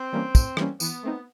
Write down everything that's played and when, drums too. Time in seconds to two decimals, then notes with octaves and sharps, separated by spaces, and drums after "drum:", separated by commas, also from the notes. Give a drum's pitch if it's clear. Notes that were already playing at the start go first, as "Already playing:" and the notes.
Already playing: C4
0.13 E3 G3 A#3 C#4
0.35 A2, drum: kick, tambourine
0.57 E3 G3 A#3 C#4, drum: rim click
0.80 E3 B3, drum: tambourine
1.03 A3 C4 D#4